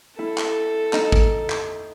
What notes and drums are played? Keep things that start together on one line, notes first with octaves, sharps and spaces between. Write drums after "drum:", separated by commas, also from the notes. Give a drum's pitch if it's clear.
E4 A4
drum: clap
D#4, drum: clap
drum: kick G#1
drum: clap